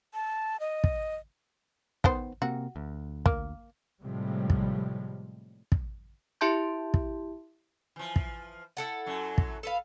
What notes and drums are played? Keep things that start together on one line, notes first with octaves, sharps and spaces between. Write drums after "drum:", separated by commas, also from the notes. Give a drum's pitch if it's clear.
A5
D#5
drum: kick
D#3 B3 C5, drum: kick
C3 A#3 C4 F#4
D2
A#3, drum: kick
A2 C3 F3 G3 G#3
drum: kick
drum: kick
E4 G4 E5 A5 C6 G6
drum: kick
E3 F3
drum: kick
E4 A4 F#5
F#2 F#3
drum: kick
A4 B4 F5